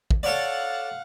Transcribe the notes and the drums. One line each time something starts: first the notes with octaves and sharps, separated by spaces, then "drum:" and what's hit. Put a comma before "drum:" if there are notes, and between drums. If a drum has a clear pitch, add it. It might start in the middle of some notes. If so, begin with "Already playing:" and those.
drum: kick
A4 C#5 D5 F5 F#5